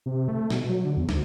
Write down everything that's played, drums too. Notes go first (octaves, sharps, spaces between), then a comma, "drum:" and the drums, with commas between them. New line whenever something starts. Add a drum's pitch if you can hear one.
C3
A3
B2, drum: snare
F#3
D3
E2
D2, drum: snare